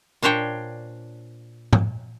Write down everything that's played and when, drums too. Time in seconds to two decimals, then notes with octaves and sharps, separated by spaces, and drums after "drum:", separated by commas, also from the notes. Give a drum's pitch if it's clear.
0.22 A#2 D4 C5 C#5 G5
1.73 drum: tom G#2